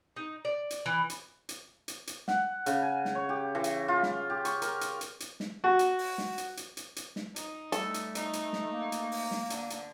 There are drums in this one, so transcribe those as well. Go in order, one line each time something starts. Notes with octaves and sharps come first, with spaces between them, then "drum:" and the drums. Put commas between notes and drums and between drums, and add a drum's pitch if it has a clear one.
D#4
D5
drum: hi-hat
E3
drum: hi-hat
drum: hi-hat
drum: hi-hat
drum: hi-hat
F#5, drum: snare
C#3, drum: hi-hat
G#5
drum: snare
C#5
G4
E3
drum: hi-hat
F4
drum: snare
G4
C#6, drum: hi-hat
A#4, drum: hi-hat
drum: hi-hat
drum: hi-hat
drum: hi-hat
drum: snare
F#4
drum: hi-hat
drum: open hi-hat
drum: snare
drum: hi-hat
drum: hi-hat
drum: hi-hat
drum: hi-hat
drum: snare
D#4, drum: hi-hat
G3 A3 A4, drum: hi-hat
drum: hi-hat
D#4, drum: hi-hat
drum: hi-hat
drum: snare
A#3
drum: hi-hat
drum: open hi-hat
drum: snare
D3, drum: hi-hat
drum: hi-hat